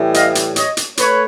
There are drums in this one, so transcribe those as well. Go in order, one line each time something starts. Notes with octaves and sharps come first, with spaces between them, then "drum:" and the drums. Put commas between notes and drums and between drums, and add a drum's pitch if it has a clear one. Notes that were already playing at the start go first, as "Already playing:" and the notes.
Already playing: A2 E3 G3
D#5 F5, drum: hi-hat
drum: hi-hat
C#5 D#5, drum: hi-hat
drum: hi-hat
A3 B4 C#5, drum: hi-hat